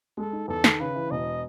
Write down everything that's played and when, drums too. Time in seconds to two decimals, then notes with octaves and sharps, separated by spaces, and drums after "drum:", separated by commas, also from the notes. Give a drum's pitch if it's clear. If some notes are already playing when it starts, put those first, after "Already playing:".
0.17 G#3 A4
0.33 D#4
0.48 E2 A4
0.64 D#3, drum: snare
0.80 C#3 B4
0.95 E3
1.11 E1 D#5